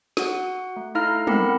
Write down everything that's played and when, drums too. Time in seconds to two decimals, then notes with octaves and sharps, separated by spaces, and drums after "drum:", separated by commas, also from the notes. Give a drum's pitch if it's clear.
0.17 F#4 F#5, drum: snare
0.76 A3
0.95 D#4 E4 A4 F5 A#5 F6
1.27 B3 C4 A#4 F#5 B5, drum: tom